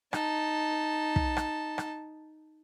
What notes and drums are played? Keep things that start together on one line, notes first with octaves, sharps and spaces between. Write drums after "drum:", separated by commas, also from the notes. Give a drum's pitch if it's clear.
D#4 A5, drum: rim click
drum: kick
drum: rim click
drum: rim click